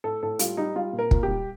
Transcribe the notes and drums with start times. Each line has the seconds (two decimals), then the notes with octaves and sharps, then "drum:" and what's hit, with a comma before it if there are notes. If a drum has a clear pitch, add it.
0.04 A2 A4
0.23 A2 A4
0.39 G3 F4, drum: hi-hat
0.57 G3 D#4
0.76 G3 F4
0.93 A#2
0.99 A#4
1.11 A#2, drum: kick
1.23 G4
1.28 G3